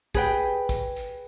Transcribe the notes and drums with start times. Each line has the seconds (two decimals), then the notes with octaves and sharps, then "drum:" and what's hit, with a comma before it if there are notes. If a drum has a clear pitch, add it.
0.15 G#4 B4 G5, drum: kick, hi-hat
0.69 drum: kick, hi-hat
0.96 drum: hi-hat